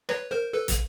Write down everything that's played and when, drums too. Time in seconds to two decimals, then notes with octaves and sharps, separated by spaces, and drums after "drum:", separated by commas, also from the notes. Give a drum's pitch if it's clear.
0.09 B4 C#5, drum: rim click
0.31 A#4 C5
0.53 A4 B4
0.68 drum: kick, hi-hat